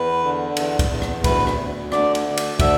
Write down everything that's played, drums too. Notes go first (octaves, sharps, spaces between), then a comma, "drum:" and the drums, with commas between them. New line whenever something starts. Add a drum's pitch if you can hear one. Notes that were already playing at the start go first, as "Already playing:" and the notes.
Already playing: E2 B4
D3
E2, drum: cymbal
drum: kick, cymbal
E2
drum: rim click
D2 B4, drum: kick, cymbal
drum: rim click
D2
D3 D5, drum: rim click
drum: cymbal
D2
drum: cymbal
D3 E5, drum: kick, cymbal